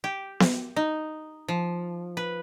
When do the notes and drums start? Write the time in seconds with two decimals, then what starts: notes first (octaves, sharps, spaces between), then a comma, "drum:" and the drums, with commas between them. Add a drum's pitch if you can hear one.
0.04 G4
0.40 drum: snare B3
0.76 D#4
1.48 F3
2.17 B4